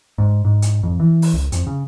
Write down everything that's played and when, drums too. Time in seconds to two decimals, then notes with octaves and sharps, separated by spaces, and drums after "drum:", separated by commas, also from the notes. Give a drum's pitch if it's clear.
0.18 G#2
0.45 G#2
0.62 drum: hi-hat
0.83 F2
1.00 E3
1.22 drum: open hi-hat
1.34 C#2
1.52 F2, drum: hi-hat
1.67 C#3